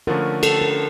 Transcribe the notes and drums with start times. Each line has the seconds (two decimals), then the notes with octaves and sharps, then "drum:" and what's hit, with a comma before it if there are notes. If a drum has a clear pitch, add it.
0.07 D3 F3 A3 C#4 A#4
0.43 A4, drum: cymbal
0.61 A#4